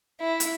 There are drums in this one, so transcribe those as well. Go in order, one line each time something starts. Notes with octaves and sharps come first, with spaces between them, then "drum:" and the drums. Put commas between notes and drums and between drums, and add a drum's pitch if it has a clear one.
E4
drum: hi-hat